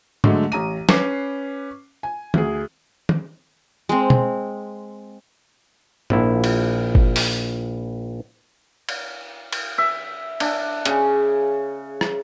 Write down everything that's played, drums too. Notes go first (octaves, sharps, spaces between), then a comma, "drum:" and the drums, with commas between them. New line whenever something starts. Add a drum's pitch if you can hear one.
D3 F#3 G#3 A3, drum: tom
A1 A#5 D#7
C#4 B4 D6 C7, drum: snare
G#5
D2 G#4, drum: tom
drum: tom
G#3 C4
drum: tom B2
A#1 E4, drum: tom
drum: cymbal
drum: kick G1
drum: open hi-hat
drum: cymbal
drum: cymbal
E5
D4, drum: cymbal
C#3, drum: hi-hat
drum: rim click